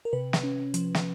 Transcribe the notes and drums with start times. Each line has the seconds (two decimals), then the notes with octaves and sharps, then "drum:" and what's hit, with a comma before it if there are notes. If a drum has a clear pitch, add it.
0.05 A#4
0.13 C3 B4
0.33 drum: snare
0.44 C#4
0.74 F3, drum: hi-hat
0.95 drum: snare